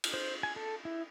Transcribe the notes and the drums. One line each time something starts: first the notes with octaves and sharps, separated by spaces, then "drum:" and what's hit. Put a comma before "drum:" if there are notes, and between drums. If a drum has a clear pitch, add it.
drum: cymbal
C5
G#5
A4
E4